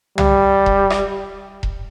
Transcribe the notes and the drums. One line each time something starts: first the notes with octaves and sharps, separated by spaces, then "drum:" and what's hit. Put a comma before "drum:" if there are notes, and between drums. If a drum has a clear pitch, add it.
G3, drum: tom
drum: kick E1
drum: rim click
drum: kick E1